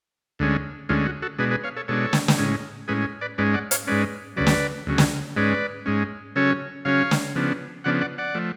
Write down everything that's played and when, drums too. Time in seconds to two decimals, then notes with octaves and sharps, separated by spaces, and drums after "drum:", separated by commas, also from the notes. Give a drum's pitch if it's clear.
0.39 D2 D3 G#3 C#4
0.89 D2 D3 G#3 C#4 F4
1.06 F#4
1.22 F#4 A4
1.38 B2 G#3 D4 G#4 B4
1.51 G#4 B4
1.64 C#5 F5
1.76 A4 C#5
1.88 B2 G#3 D4 A4 C#5
2.13 drum: snare
2.28 drum: snare
2.38 A2 G#3 C#4
2.88 A2 G#3 C#4 G#4 B4
3.21 B4 D5
3.38 G#2 G#3 C#4 B4 D5
3.54 D5 F#5
3.71 C#5 F5, drum: hi-hat
3.87 G#2 G#3 C#4 B4 D5
4.37 D2 C#3 F#3 B4 D5
4.47 drum: snare
4.87 D2 C#3 F#3
4.98 drum: snare
5.36 G#2 G#3 C#4 B4 D5
5.86 G#2 G#3 C#4
6.36 C#3 F#3 C#4 A4 C#5
6.85 C#3 F#3 C#4 C#5 F5
7.11 drum: snare
7.35 C#3 F3 B3 D4
7.84 C#3 F3 B3 D4 D5 F#5
8.01 D5 F#5
8.18 D5 F#5
8.35 F3 A3